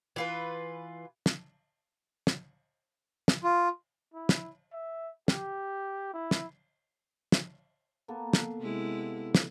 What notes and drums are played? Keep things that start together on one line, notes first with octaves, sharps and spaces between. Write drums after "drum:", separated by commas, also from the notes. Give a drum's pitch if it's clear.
E3 F4 B4
drum: snare
drum: snare
drum: snare
F4
E4
drum: snare
E5
G4, drum: snare
E4
drum: snare
drum: snare
A#3 B3 A4
drum: snare
C3 G#3 E4
drum: snare